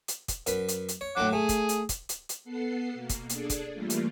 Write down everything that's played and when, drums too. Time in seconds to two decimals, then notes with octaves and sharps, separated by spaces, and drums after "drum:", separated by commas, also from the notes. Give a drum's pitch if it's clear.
0.08 drum: hi-hat
0.28 drum: kick, hi-hat
0.47 F#2 B4, drum: hi-hat
0.69 drum: hi-hat
0.89 drum: hi-hat
1.01 C#5
1.17 A2 F#3 F#5 D6
1.33 A3 G#4
1.49 drum: kick, hi-hat
1.69 drum: hi-hat
1.89 drum: kick, hi-hat
2.09 drum: hi-hat
2.29 drum: hi-hat
2.44 B3 A4 F#5 C7
2.94 B2 A#3
3.09 drum: kick, hi-hat
3.30 D4 G#4 A4 D5, drum: hi-hat
3.50 drum: kick, hi-hat
3.73 E3 G3 A3 A#3 F4
3.90 drum: hi-hat